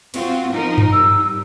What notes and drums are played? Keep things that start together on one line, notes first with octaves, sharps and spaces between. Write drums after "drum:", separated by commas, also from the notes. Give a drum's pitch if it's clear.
C4 F4 F#4, drum: cymbal
F3 D#4 A#4
drum: tom G2
G3 E6